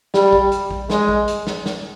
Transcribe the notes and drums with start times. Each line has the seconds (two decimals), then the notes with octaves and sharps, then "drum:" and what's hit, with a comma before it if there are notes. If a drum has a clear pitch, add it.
0.14 G3, drum: snare
0.33 drum: kick
0.52 drum: hi-hat
0.71 drum: kick
0.90 G#3, drum: snare
1.09 drum: kick
1.28 drum: hi-hat
1.47 drum: snare
1.66 drum: snare